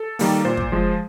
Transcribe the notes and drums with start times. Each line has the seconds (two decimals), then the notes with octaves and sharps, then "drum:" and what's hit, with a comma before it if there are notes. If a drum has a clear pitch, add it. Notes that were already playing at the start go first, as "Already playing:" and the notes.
Already playing: A4
0.19 D#3 G3 A#3, drum: open hi-hat
0.45 A#2 C5
0.57 drum: kick
0.72 F3 G#3